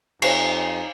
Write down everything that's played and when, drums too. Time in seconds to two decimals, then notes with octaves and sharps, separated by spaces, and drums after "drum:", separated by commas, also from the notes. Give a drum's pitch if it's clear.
0.22 F2 D#4 G4 C5 C#5 C7, drum: cymbal